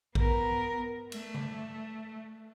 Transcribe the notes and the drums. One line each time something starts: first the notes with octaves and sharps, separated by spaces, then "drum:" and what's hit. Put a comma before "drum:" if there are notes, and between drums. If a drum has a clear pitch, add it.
B3 A#4, drum: kick
A3, drum: cymbal
drum: tom C#3